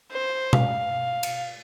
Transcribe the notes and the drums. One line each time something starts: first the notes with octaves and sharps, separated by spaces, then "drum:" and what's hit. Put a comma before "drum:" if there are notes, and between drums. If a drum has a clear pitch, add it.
C5
F5, drum: tom B2
drum: cymbal